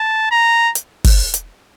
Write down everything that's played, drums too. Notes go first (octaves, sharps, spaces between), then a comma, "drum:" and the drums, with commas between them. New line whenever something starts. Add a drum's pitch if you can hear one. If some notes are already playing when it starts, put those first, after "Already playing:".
Already playing: A5
A#5
drum: hi-hat
drum: kick, open hi-hat
drum: hi-hat